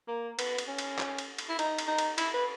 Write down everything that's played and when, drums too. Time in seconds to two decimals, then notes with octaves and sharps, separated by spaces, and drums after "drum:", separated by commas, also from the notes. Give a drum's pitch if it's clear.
0.08 A#3
0.39 B3, drum: cymbal
0.58 drum: cymbal
0.68 C#4
0.78 drum: cymbal
0.98 drum: clap
1.18 drum: cymbal
1.38 drum: cymbal
1.49 E4
1.59 D#4, drum: cymbal
1.78 drum: cymbal
1.88 D#4
1.98 drum: cymbal
2.18 E4, drum: cymbal
2.34 B4